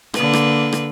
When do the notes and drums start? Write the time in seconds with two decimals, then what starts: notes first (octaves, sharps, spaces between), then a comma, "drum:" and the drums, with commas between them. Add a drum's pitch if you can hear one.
0.14 D3 A#3 B4, drum: rim click
0.33 drum: rim click
0.73 drum: rim click